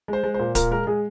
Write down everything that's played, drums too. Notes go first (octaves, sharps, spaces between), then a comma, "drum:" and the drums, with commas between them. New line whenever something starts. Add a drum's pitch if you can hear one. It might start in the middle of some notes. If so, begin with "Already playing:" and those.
G#3 C5
G#3
A#2 C5
A#2 A#4, drum: kick D1, hi-hat
G#3 A#4
G#3 G#4